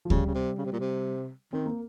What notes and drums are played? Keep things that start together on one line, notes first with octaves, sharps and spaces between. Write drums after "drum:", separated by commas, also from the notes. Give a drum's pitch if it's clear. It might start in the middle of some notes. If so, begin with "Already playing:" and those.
F3
C#3 G3, drum: kick D2
C#3
C3
C#3
C3
A#2
C3
D#3 C4
A#3